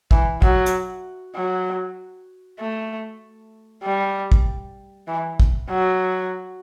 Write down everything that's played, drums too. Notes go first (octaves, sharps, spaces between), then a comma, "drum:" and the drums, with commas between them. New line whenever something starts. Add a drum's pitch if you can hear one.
E3, drum: kick
F#3, drum: kick
drum: hi-hat
F#3
A3
G3
drum: kick
E3
drum: kick
F#3